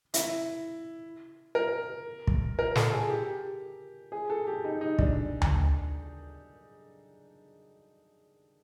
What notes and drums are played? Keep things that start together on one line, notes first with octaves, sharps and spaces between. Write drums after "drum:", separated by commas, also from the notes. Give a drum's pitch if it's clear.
E4, drum: hi-hat
A#4
drum: kick
A#4
A4, drum: snare
G#4
G4
G#4
A4
G4
D#4
D#4
D4, drum: kick
drum: tom D2